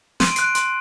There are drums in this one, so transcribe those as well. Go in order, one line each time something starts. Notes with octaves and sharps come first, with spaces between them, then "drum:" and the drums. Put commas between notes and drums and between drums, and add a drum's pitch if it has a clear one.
C6 D#7, drum: snare
D7
F#6 C7, drum: hi-hat
D7
C6, drum: hi-hat